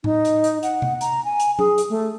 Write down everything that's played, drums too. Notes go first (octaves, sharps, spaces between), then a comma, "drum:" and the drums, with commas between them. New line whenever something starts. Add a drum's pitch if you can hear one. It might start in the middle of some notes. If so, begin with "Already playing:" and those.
D#4, drum: tom A2
drum: hi-hat
drum: hi-hat
F#5, drum: hi-hat
drum: tom C3
A#5, drum: hi-hat
G#5
drum: hi-hat
G#4, drum: tom F#3
drum: hi-hat
A3